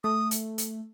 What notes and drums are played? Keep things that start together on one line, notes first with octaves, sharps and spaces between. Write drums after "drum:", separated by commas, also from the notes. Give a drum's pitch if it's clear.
A3 D#6
drum: hi-hat
drum: hi-hat